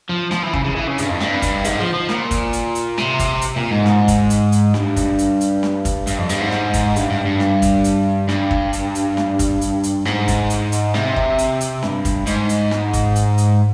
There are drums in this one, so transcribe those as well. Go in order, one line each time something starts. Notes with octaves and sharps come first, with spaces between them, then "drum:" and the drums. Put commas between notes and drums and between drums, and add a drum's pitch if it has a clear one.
F3
F3, drum: snare
E3
C#3, drum: kick
C#3
E3
C#3
G2, drum: hi-hat
F2
G2, drum: snare
drum: kick, hi-hat
G#2, drum: hi-hat
F3
F3
A#2, drum: snare
drum: kick, hi-hat
drum: hi-hat
drum: hi-hat
C3, drum: snare
drum: kick, hi-hat
drum: hi-hat
A#2
G#2
drum: snare
drum: kick, hi-hat
drum: hi-hat
drum: hi-hat
G2, drum: snare
drum: kick, hi-hat
drum: hi-hat
drum: hi-hat
drum: snare
drum: kick, hi-hat
G2, drum: hi-hat
F2
G2, drum: hi-hat
G#2
drum: snare
drum: kick, hi-hat
G2, drum: hi-hat
G2
G2
drum: snare
drum: kick, hi-hat
drum: hi-hat
G2, drum: snare
drum: kick
drum: hi-hat
drum: hi-hat
drum: snare
drum: kick, hi-hat
drum: hi-hat
drum: hi-hat
G#2, drum: snare
drum: kick, hi-hat
drum: hi-hat
drum: hi-hat
C3, drum: snare
drum: kick
drum: hi-hat
drum: hi-hat
G2, drum: snare
drum: kick, hi-hat
G#2, drum: hi-hat
drum: hi-hat
drum: snare
drum: kick, hi-hat
drum: hi-hat
drum: hi-hat